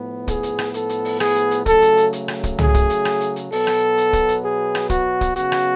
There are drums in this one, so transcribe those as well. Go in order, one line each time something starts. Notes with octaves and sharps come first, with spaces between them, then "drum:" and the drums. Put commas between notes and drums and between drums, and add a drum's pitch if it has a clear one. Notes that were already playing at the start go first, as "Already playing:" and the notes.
Already playing: A2 F3 B3
G#4, drum: kick, hi-hat
drum: hi-hat
drum: rim click
A4, drum: hi-hat
drum: hi-hat
drum: open hi-hat
G#4, drum: rim click
drum: hi-hat
drum: hi-hat
C#3 F#3 A3 A4, drum: kick, hi-hat
drum: hi-hat
drum: hi-hat
drum: hi-hat
drum: rim click
drum: kick, hi-hat
G#4, drum: tom
drum: kick, hi-hat
drum: hi-hat
drum: rim click
drum: hi-hat
drum: hi-hat
B2 F#3 B3 A4, drum: open hi-hat
drum: rim click
drum: hi-hat
drum: kick, hi-hat
drum: hi-hat
G#4
drum: rim click
F#4, drum: kick, hi-hat
drum: kick, hi-hat
C#3 F#3 B3 F#4, drum: hi-hat
drum: rim click